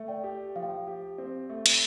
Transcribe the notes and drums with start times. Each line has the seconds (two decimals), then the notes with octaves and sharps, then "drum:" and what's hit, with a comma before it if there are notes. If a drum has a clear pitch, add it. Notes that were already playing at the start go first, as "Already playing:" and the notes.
Already playing: A3
0.08 D5 G5
0.24 G4
0.56 F3 F5
0.63 G5
0.70 F5
0.87 G4
1.18 C4
1.50 A3
1.66 drum: cymbal